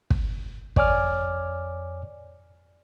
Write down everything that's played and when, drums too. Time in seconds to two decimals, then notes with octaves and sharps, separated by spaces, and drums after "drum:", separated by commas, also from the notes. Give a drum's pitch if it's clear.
0.10 drum: kick
0.76 F2 C#5 D5 G#5 D6 F6, drum: kick